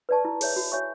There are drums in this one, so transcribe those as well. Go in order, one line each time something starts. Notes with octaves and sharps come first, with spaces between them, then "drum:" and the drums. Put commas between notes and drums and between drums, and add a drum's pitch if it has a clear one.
B4 D5 A5 C#6
E4
G#4 C#5 E5, drum: open hi-hat
F#4
C#5 E5 G#5 C#6